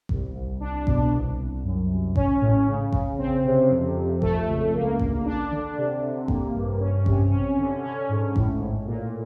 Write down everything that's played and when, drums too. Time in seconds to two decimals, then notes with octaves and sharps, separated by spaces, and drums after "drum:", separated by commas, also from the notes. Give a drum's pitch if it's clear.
0.09 C2, drum: kick A1
0.35 C2
0.60 D4
0.87 B2, drum: kick A1
1.12 C2
1.38 C2
1.63 F#2
1.89 F#2
2.16 C#4, drum: kick A1
2.41 A2
2.67 C#3
2.93 C#3, drum: kick A1
3.19 C4
3.45 C3
3.70 F2
3.96 F2
4.22 A3, drum: kick A1
4.48 C#2
4.74 A#3
5.00 D2, drum: kick A1
5.26 D4
5.51 D3
5.78 C3
6.03 C3
6.28 A#3, drum: kick A1
6.54 G2
6.80 C#4
7.06 C3, drum: kick A1
7.32 C#4
7.58 D3
7.84 C#4
8.09 G#2
8.36 A2, drum: kick A1
8.61 A2
8.87 A#2